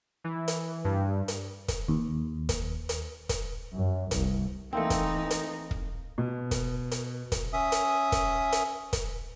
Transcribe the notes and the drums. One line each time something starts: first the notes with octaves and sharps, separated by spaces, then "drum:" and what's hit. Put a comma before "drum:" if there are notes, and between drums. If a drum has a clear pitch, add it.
E3
drum: hi-hat
G2
drum: hi-hat
drum: kick, hi-hat
D#2
drum: kick, hi-hat
drum: hi-hat
drum: kick, hi-hat
F#2
C2, drum: kick, hi-hat
E3 A3 A#3 C4 D#4
drum: kick, hi-hat
drum: hi-hat
drum: kick
B2
drum: kick, hi-hat
drum: hi-hat
drum: kick, hi-hat
C#4 E5 D#6
drum: hi-hat
drum: kick, hi-hat
drum: hi-hat
drum: kick, hi-hat